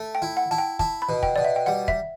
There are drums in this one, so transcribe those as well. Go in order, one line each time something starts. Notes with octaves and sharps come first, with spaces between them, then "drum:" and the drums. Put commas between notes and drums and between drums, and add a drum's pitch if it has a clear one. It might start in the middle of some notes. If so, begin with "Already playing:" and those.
Already playing: A3
G5
E4
F#5
E4 A5
G5
E4 A5, drum: kick
B5
B2
G5, drum: kick
B2 D5
E5
G5
G3 F#5
E5, drum: kick